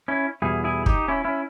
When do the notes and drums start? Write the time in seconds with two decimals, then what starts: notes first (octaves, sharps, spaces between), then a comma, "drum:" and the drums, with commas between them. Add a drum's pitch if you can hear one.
0.08 C#4 E4
0.42 E2 B2 G3 E4 G#4
0.64 E4 G#4
0.86 D#4 G4, drum: kick
1.08 C#4 E4
1.25 C#4 E4